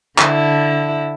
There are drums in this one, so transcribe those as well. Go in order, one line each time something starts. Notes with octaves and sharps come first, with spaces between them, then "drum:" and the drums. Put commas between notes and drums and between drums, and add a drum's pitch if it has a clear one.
D3 E4, drum: clap